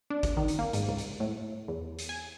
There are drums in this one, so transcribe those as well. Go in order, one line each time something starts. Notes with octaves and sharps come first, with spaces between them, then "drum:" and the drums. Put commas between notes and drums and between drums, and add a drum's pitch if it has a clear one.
D4
drum: kick, hi-hat
D#3
drum: hi-hat
A#3
G#2, drum: hi-hat
C#2
drum: hi-hat
A2
E2
drum: hi-hat
G#5